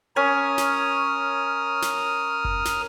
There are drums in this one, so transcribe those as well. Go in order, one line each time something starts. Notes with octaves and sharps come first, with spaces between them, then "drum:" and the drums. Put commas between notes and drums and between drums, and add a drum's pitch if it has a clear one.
C#4 A#4 C#5 D#6 F6
drum: snare
drum: snare
drum: kick F#1
drum: snare